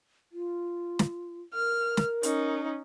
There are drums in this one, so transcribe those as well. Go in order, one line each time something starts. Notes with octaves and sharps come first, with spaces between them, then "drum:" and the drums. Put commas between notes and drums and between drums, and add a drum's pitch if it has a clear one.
F4
drum: snare
A#4 F6
drum: snare
C#4 D#4, drum: hi-hat